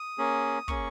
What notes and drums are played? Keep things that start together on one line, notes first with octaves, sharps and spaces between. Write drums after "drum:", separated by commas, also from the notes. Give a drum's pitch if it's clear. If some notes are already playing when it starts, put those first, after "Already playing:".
Already playing: D#6
A#3 C#4 G#4
A#3 C#4 G#4 C#6, drum: kick